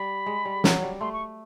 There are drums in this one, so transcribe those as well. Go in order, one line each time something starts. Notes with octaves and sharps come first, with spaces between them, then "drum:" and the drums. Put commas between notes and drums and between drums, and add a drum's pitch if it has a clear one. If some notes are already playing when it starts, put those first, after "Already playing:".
Already playing: G3 B5
G#3
G3
F#3, drum: snare
G3
A3 C6
C#6